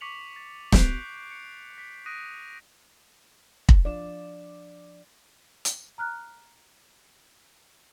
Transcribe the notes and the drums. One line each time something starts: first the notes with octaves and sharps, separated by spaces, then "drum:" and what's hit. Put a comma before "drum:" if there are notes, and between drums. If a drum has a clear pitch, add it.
C#6 D6 B6 C#7 F7 F#7
A6
F#6 G6 B6 C7 D7 F7, drum: snare
C#7
B6
D#6 F#6 A#6 D7 D#7
drum: kick
F3 D4 D5 E7
drum: hi-hat
A#5 F6 F#6